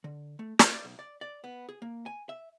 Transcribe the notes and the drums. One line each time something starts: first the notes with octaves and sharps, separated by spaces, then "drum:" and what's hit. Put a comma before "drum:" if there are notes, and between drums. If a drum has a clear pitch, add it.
D3
A3
A#4, drum: snare
D5
B1
D5
D5
B3
G#4
A#3
G#5
E5